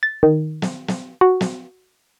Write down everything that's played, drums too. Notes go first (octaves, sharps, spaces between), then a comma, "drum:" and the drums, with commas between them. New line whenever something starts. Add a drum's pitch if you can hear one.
A6
D#3
drum: snare
drum: snare
F#4
drum: snare